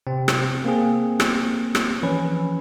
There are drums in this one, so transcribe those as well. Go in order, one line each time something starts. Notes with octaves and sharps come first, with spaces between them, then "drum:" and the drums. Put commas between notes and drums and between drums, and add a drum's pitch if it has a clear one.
C3 C4
drum: rim click
A#3 C4 G#4
drum: rim click
drum: rim click
E3 F3 C#4 B4